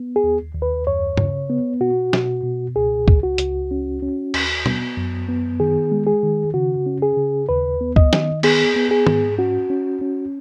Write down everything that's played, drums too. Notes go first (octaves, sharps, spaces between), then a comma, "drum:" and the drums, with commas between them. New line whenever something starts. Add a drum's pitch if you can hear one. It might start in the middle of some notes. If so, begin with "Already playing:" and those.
Already playing: B3
G#4
D#2
D#2
B4
F#2 C#5
C#3, drum: tom G2
B3
B2 F#4
B2, drum: snare
B2
C#2 G#4
C#2, drum: kick C#2
F#4
C#2, drum: hi-hat
C#4
C#4
D#2, drum: cymbal
B3, drum: tom
F#2
B3
D#3 G#4
G#3
G#4
D#3
C#3 F#4
C#4
G#4
C#3
D#2 B4
B3
D#5, drum: kick C#2
D#3, drum: snare
B3 G#4, drum: cymbal
B3
G#4
G#2, drum: tom
C#4 F#4
C#4
C#4